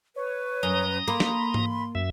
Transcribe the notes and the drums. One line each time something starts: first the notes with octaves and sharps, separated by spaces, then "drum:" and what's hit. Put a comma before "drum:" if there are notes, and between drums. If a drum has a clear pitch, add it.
B4 C#5
F#2 A#5 D#6
A#3 B5 C6
drum: snare
drum: tom G#2
F#2 E5